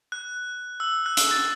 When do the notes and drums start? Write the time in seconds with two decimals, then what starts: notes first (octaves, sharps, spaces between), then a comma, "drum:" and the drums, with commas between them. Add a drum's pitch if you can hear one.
0.12 F#6
0.80 E6
1.06 F#6
1.17 drum: hi-hat
1.31 A6